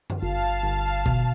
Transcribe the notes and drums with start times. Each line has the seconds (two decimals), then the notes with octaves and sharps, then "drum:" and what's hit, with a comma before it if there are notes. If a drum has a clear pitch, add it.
0.10 drum: tom F#2
0.23 G1 F5 A5
0.64 G1
1.06 B2, drum: kick